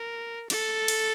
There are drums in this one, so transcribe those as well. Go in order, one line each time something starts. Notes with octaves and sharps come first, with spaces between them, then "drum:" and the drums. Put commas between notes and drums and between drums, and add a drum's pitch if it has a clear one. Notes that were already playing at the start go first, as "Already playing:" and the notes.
Already playing: A#4
A4, drum: cymbal
drum: cymbal